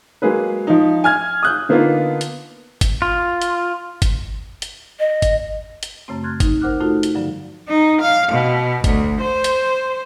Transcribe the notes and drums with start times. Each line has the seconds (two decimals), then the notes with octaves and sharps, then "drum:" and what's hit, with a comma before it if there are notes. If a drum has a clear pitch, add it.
0.22 F#3 G#3 A#3 G#4 B4
0.67 F3 D#4
1.04 G#5 F6 G#6
1.43 D#6 F#6 G6
1.69 D3 A#3 B3 D#4 F4
2.21 drum: hi-hat
2.81 drum: kick G1, hi-hat
3.02 F4
3.42 drum: hi-hat
4.02 drum: kick G1, hi-hat
4.62 drum: hi-hat
5.00 D#5
5.22 drum: kick G1, hi-hat
5.83 drum: hi-hat
6.08 F#2 C#3 A3 C4
6.23 C6 F6 F#6 G#6 A6
6.40 D#4, drum: kick G1, hi-hat
6.61 A#4 C5 F#5 D6 F6 F#6
6.81 A3 D#4 F4 F#4 A4
7.03 drum: hi-hat
7.15 G2 D3 F3 F#3
7.68 D#4
8.01 F5
8.32 B2
8.84 D2, drum: kick G1, hi-hat
9.20 C5
9.44 drum: hi-hat